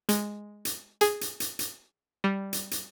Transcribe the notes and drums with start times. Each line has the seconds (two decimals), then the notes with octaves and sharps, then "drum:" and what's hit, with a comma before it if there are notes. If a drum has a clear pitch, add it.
0.09 G#3, drum: hi-hat
0.65 drum: hi-hat
1.01 G#4, drum: hi-hat
1.21 drum: hi-hat
1.40 drum: hi-hat
1.59 drum: hi-hat
2.24 G3
2.53 drum: hi-hat
2.71 drum: hi-hat